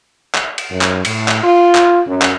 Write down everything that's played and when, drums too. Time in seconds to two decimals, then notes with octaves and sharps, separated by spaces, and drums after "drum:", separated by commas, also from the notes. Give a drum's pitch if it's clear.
0.35 drum: clap
0.58 drum: cymbal
0.70 F#2
0.81 drum: clap
1.05 A2, drum: cymbal
1.28 drum: clap
1.43 F4
1.75 drum: clap
2.06 F#2
2.22 drum: clap